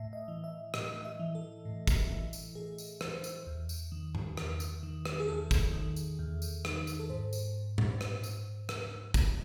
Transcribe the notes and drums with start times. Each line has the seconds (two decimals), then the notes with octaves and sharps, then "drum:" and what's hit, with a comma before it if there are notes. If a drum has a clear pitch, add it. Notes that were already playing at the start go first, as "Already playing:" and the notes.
Already playing: A2 E5
0.13 D#5
0.28 E3
0.44 E5
0.74 A2 D#5, drum: rim click
1.04 E5
1.19 E3
1.35 A4
1.65 A2
1.87 drum: kick, tambourine
2.11 E3
2.33 drum: tambourine
2.55 A2 G#4
2.78 drum: tambourine
3.01 E3 C5, drum: rim click
3.24 drum: tambourine
3.47 E2
3.69 drum: tambourine
3.92 D#3
4.15 drum: tom G2
4.37 E2, drum: rim click
4.60 drum: tambourine
4.83 D#3
5.05 drum: rim click
5.20 G#4
5.28 E2 A4
5.51 drum: kick, tambourine
5.73 D#3
5.96 drum: tambourine
6.19 E2
6.42 drum: tambourine
6.65 D#3, drum: rim click
6.87 drum: tambourine
7.00 A4
7.10 G#2 C5
7.33 drum: tambourine
7.78 drum: tom A2
8.01 drum: rim click
8.23 drum: tambourine
8.69 drum: rim click
9.14 drum: kick, tambourine